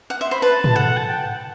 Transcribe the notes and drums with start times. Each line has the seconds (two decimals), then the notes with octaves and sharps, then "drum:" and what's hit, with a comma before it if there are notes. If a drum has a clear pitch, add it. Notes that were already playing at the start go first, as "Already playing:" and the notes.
0.10 F#5
0.21 E5 C6
0.31 C5 B5
0.42 B4 A5
0.64 drum: tom
0.76 A4 F#5
0.97 A5
1.09 G5
1.26 F#5